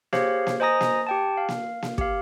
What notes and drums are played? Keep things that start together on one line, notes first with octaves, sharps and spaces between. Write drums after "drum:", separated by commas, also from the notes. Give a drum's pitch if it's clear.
G4 G#4 C5 C#5 F5, drum: snare A#3
drum: snare A#3
C5 D#5 G#5 A#5 D#6 A#6
drum: snare A#3
G4 G5 A5
F5
drum: snare A#3
drum: snare A#3
G4 F5, drum: kick